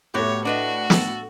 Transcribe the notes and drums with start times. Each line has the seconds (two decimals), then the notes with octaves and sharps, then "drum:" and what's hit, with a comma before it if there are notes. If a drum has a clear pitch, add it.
0.14 A2 A3 B3 F#4 G4 C#5
0.45 D4 F#4 B4 D#5
0.90 A4, drum: snare